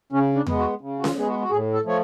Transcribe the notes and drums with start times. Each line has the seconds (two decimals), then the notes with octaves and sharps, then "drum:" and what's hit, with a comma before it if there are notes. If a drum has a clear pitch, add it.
0.12 C#3 C#4
0.35 D4
0.47 G#3 B3, drum: tom E2
0.59 F#4
0.81 C#3
0.99 F#4
1.04 F4, drum: snare C#4
1.16 G#3 B3 G#4
1.28 F#4
1.42 F#4
1.50 A2 G#4
1.74 A4
1.85 F3 A3 C#5